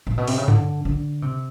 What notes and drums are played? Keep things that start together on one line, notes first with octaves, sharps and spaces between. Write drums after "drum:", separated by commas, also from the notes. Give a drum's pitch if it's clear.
A#2
B2
C3, drum: open hi-hat
C#3
D3, drum: tom G2
D3
C3